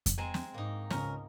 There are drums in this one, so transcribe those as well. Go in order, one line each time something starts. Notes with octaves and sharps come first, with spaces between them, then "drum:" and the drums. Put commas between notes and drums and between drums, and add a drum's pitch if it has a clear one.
drum: kick F2, hi-hat
G#3 C4 G#5 A#5
drum: snare
G#2 A#3 D#4
C#2 C#3 C#4 A#4, drum: snare